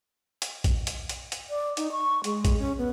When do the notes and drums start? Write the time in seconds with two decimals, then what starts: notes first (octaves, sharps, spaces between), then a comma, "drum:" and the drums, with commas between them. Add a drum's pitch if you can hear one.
0.42 drum: hi-hat
0.64 drum: kick A#1, hi-hat
0.87 drum: hi-hat
1.09 drum: hi-hat
1.32 drum: hi-hat
1.50 D5
1.77 D#4, drum: hi-hat
1.92 C#6
2.24 G#3, drum: hi-hat
2.45 drum: kick A#1, hi-hat
2.59 C#4
2.78 B3